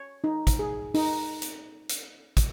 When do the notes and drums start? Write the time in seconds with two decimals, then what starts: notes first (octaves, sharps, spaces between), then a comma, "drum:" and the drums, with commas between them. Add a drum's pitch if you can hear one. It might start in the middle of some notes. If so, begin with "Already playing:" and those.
Already playing: C#5
0.24 D#4
0.47 drum: kick, hi-hat
0.59 G#4
0.94 D#4, drum: open hi-hat
1.42 drum: hi-hat
1.89 drum: hi-hat
2.37 drum: kick, hi-hat